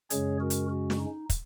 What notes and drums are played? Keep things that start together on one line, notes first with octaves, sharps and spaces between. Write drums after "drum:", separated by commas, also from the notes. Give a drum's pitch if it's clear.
F#2 C#3 G#3 C#4 G#4 C#5, drum: hi-hat
F#4 A#4
drum: hi-hat
F#4
drum: snare
D#4
drum: kick, hi-hat